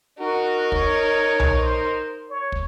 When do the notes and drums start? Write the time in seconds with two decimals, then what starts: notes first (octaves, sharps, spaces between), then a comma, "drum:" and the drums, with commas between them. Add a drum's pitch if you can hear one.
0.19 D#4 F#4 A#4
0.72 C#5, drum: kick
1.40 drum: tom B1
1.60 C5
2.30 C#5
2.52 drum: kick